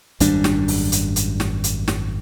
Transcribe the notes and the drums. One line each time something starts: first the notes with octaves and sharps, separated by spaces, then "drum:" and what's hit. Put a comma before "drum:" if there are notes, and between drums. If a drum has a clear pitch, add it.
G#1 F#2 G3 D4, drum: hi-hat
drum: snare
drum: open hi-hat
drum: hi-hat
drum: hi-hat
drum: snare
drum: hi-hat
drum: snare